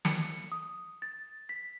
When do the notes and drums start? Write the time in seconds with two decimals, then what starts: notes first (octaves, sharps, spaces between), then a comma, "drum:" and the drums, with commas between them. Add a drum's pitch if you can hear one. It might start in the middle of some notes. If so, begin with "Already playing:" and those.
0.05 C#7, drum: snare
0.52 D#6
1.02 A6
1.49 B6